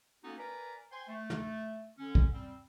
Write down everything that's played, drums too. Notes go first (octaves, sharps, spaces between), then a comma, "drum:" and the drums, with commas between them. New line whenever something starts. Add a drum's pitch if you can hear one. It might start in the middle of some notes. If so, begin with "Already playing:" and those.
A#3 B3 C#4 D#4 F#4 A4
A#4 B4 D5 G#5 A#5
C5 G5 G#5 C6
A3
drum: snare
D3 C#4
drum: kick
G3 C4